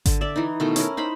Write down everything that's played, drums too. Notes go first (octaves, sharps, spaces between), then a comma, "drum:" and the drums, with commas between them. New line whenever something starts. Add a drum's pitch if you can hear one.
D3, drum: kick G#1, hi-hat
D5 E5
E3 D#4
B2 D#3 A3
C#4 E4 A#4, drum: hi-hat
D#4 C5 B5